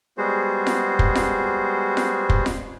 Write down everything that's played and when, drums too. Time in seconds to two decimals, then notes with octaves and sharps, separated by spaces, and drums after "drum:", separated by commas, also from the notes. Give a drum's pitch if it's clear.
0.18 G3 G#3 B3 F#4 G#4 C5
0.67 drum: snare F4
0.99 drum: kick
1.15 drum: snare F4
1.97 drum: snare F4
2.29 drum: kick
2.46 drum: snare F4